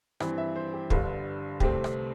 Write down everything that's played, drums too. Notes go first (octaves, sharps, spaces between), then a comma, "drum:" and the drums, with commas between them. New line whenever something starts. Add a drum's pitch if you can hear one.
G2 E3 C4, drum: rim click
E5
C5
G4
G1 G2 D3 G3 A4, drum: kick
C2 C3 A3 C4 G4, drum: kick
drum: rim click